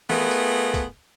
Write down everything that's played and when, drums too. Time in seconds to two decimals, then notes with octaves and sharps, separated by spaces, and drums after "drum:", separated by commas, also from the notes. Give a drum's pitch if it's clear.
0.10 A3 B3 F4 G#4 A#4 B4, drum: snare E3
0.31 drum: hi-hat
0.74 drum: kick, hi-hat